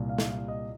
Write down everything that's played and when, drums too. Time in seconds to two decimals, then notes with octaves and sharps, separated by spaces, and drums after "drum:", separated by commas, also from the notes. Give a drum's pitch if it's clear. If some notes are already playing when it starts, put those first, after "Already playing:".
Already playing: C2 A#2 G3
0.09 F5
0.18 drum: snare
0.29 F5
0.48 D#5